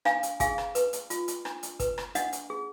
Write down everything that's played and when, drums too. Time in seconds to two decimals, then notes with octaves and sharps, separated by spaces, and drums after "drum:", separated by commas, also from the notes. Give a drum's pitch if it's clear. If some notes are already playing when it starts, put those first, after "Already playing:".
0.05 D4 F5 G#5, drum: rim click
0.23 drum: hi-hat
0.40 G#4 F5 G#5, drum: kick, hi-hat
0.58 drum: rim click
0.75 B4, drum: hi-hat
0.93 drum: hi-hat
1.10 F4, drum: hi-hat
1.28 drum: hi-hat
1.45 D4, drum: rim click
1.63 drum: hi-hat
1.80 B4, drum: kick, hi-hat
1.98 drum: rim click
2.15 D4 D#5 F#5, drum: hi-hat
2.33 drum: hi-hat
2.50 G#4